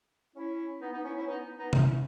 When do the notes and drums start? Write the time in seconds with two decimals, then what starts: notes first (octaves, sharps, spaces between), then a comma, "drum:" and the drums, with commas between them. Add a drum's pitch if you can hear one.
0.35 C#4 E4
0.81 B3 D#4
0.93 B3 D#4
1.04 C#4 E4
1.16 C#4 E4
1.27 B3 D#4
1.58 B3 D#4
1.73 A3 C#4, drum: tom
1.85 C#4 E4